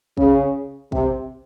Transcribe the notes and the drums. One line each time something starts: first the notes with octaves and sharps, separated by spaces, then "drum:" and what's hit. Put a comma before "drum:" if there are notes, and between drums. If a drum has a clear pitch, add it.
C#3, drum: kick
C3, drum: kick